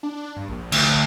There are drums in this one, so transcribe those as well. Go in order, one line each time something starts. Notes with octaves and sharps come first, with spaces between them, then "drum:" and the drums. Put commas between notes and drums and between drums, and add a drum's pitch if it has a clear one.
D4
G2
A#1
D2, drum: cymbal